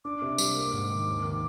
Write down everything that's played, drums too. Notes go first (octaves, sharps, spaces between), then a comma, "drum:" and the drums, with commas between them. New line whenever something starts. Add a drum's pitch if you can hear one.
D4 D6
C3
G3, drum: tambourine
A#3
G#2
D#3
D#2
D#3